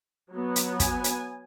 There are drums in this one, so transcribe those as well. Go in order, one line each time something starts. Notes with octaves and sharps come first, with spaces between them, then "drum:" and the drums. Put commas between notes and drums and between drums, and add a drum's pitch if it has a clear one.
F#3 B3
drum: hi-hat
G#5, drum: kick, hi-hat
drum: hi-hat